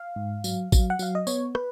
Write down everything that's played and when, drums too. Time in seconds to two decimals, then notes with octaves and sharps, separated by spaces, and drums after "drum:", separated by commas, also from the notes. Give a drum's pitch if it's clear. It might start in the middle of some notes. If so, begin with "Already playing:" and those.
Already playing: F5
0.16 G#2
0.44 F#3, drum: tambourine
0.72 F#3, drum: kick A1, tambourine
0.90 F#5
0.99 F#3 F5, drum: tambourine
1.15 D#5
1.27 B3 C#5, drum: tambourine
1.55 B4, drum: rim click